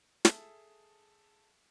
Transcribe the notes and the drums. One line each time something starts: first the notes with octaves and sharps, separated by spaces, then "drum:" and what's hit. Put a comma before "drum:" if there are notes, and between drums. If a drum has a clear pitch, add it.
G#4 A4 E5 A5, drum: snare